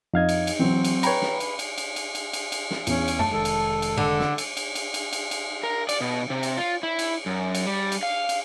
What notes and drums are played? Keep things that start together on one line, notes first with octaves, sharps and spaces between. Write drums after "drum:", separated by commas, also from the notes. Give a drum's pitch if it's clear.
F2 D#4 D#5 F5 G#6
drum: cymbal
drum: cymbal
E3 F#3 C4
drum: cymbal
B4 C#5 G5 A#5 B5, drum: cymbal
drum: snare
drum: cymbal
drum: cymbal
drum: cymbal
drum: cymbal
drum: cymbal
drum: cymbal
drum: cymbal
drum: snare
E2 C#4, drum: cymbal
drum: cymbal
F#2 A3 A5
F1 D#3 G#3 A4
drum: cymbal
drum: cymbal
D3
drum: snare
drum: cymbal
drum: cymbal
drum: cymbal
drum: cymbal
drum: cymbal
drum: cymbal
A#4
D5, drum: cymbal
B2
C3
drum: cymbal
F4
E4
drum: cymbal
F#2
drum: cymbal
G3
drum: cymbal
F5
drum: cymbal